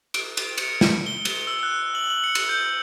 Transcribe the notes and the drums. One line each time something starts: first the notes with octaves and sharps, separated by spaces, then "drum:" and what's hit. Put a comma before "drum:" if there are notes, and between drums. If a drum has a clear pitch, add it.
D7, drum: cymbal
drum: cymbal
C#7, drum: cymbal
drum: snare
G7
drum: cymbal
E6
F#6
F#7
F#7
C#7
drum: cymbal
G6